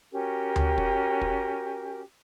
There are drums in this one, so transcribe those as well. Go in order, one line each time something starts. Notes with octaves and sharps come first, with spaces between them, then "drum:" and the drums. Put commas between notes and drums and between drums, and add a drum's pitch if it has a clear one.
C#4 F#4 G4 A#4
drum: tom D2
drum: kick
drum: kick